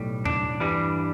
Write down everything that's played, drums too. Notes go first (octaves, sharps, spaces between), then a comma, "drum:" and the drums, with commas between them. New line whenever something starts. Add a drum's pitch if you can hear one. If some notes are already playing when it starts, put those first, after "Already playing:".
Already playing: B1 A2 G3
D4, drum: tom E2
G2 E3 G3